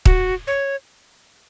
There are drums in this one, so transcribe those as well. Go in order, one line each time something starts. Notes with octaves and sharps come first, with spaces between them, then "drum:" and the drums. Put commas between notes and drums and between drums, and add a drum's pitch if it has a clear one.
F#4, drum: kick
C#5